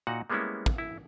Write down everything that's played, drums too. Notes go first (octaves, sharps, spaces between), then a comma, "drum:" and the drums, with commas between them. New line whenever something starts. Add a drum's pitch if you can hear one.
A#2 D#4 F#4 F#5
G3 G#3 A#3 B3 C#4 E4
drum: kick
E4